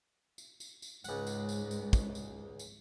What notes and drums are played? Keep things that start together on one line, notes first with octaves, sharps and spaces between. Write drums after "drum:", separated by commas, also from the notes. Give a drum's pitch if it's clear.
drum: tambourine
drum: tambourine
drum: tambourine
C#2 G#2 F#5, drum: tambourine
drum: tambourine
drum: tambourine
drum: tambourine
drum: kick, tambourine
drum: tambourine
drum: tambourine